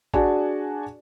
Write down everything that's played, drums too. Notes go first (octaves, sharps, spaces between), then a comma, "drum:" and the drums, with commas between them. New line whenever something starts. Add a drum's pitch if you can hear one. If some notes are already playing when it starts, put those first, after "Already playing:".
D4 F#4 G#4 D5 G#5 A5, drum: kick G#1